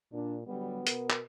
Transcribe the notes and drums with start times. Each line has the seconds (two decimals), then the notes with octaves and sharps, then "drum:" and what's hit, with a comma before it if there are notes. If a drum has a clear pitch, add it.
0.13 A#2 D4
0.47 D3 F#3 G3 B3
0.87 B2 A#4, drum: hi-hat
1.10 drum: clap